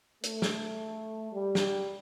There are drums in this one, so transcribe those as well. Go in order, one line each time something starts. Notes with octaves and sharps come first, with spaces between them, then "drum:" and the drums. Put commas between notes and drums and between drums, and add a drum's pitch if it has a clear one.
A3, drum: hi-hat
drum: snare
G3
drum: snare